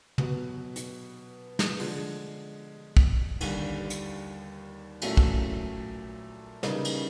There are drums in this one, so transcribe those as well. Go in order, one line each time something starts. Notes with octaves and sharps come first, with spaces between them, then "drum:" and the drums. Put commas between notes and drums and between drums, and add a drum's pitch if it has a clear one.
B2 F#3 B3, drum: tom
drum: hi-hat
drum: snare
D3 F3 G#3, drum: open hi-hat
drum: kick
D#2 D3 G3, drum: cymbal
drum: hi-hat
A#2 F#3 A3 C#4 E4, drum: cymbal
drum: kick
C#3 E3 G3 A#3 D#4, drum: snare
drum: cymbal